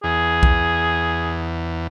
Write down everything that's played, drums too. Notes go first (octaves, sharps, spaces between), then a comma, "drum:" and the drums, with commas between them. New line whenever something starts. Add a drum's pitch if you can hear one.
E2 G#4
drum: kick B1